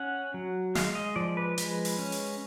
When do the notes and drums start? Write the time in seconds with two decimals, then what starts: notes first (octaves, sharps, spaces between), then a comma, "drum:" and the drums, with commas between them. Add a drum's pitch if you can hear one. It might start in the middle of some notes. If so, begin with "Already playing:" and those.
Already playing: C#4 F#5
0.34 F#3
0.75 G#3 F5, drum: snare
0.95 D#5
1.16 F3 D5
1.37 B4
1.58 G#3, drum: hi-hat
1.85 drum: open hi-hat
1.99 C#4
2.12 drum: open hi-hat